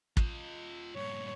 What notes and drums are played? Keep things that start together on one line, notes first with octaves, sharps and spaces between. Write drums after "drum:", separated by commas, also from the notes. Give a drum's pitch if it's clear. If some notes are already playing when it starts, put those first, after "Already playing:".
F4 D#5, drum: kick
G2 A#2 C#5